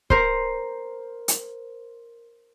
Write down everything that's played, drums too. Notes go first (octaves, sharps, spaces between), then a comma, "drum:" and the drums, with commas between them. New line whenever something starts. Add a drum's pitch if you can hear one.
A#4 C5, drum: kick
drum: hi-hat